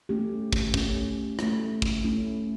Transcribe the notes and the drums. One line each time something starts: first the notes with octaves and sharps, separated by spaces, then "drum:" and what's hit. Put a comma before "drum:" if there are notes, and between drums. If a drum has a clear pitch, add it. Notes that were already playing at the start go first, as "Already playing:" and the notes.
A3 C#4 G4
drum: kick
A3 C#4 G4, drum: kick
A3 C#4 E4, drum: rim click
drum: kick
A3 C#4 E4